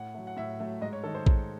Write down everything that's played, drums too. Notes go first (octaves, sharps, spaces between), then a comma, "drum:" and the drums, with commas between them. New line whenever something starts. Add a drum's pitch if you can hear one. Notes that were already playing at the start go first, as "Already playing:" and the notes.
Already playing: A2 F#5
F#3 A3
F#5
A2 E5
F#3 A3
G#2 D#5
C#5
D#3 G#3 D#4 A4
C5
G#2, drum: kick A#1